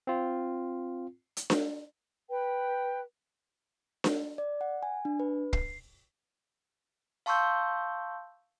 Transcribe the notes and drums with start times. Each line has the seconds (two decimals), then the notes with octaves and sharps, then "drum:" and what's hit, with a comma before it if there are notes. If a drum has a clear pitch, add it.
0.07 C4 F4
1.37 drum: hi-hat
1.50 drum: snare D4
2.29 B4 G5
4.04 drum: snare D4
4.38 D5
4.61 F#5
4.83 G#5
5.05 D4
5.20 B4
5.53 C7, drum: kick
7.26 F5 A5 C6 C#6 E6 G6